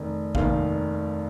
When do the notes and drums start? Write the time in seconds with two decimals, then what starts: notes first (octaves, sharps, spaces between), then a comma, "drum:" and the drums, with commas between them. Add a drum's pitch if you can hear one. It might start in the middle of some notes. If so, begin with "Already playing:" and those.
Already playing: F1 D#3
0.35 F1 D#2 D#3 F5, drum: kick A1